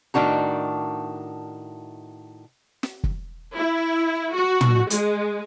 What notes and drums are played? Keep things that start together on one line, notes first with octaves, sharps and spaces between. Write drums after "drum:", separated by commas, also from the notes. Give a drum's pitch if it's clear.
A2 D#3 D4 F#4 A#5
drum: snare
drum: kick
E4
F#4
drum: tom
G#3, drum: hi-hat